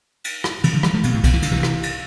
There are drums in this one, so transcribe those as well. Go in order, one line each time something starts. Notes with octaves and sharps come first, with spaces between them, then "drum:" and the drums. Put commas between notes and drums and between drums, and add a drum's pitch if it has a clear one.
drum: cymbal
drum: rim click
C3 E3, drum: cymbal
D3 F3
E3 G3, drum: rim click
F3 A3
B2 D3, drum: cymbal
A2 C3
B2 D3, drum: kick, cymbal
E3
D3, drum: cymbal
C3 E3
drum: rim click
drum: cymbal